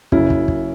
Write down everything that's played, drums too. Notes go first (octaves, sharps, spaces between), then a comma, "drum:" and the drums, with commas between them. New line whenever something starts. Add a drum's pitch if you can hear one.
F#1 F#2 C#3 F#3 E4, drum: kick
drum: kick
drum: kick